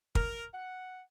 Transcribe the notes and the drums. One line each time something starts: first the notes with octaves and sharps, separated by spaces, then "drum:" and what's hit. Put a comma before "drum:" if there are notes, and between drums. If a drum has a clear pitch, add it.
A#4, drum: kick
F#5